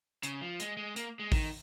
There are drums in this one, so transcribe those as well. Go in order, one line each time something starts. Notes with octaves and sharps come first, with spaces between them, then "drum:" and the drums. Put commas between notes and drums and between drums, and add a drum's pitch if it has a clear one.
C#3, drum: hi-hat
F3
G#3, drum: hi-hat
G#3
A#3, drum: hi-hat
G#3
D#3, drum: kick A1, open hi-hat